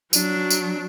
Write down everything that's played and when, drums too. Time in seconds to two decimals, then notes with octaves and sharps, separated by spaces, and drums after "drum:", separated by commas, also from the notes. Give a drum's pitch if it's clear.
0.13 F#3 D4, drum: tambourine
0.50 drum: tambourine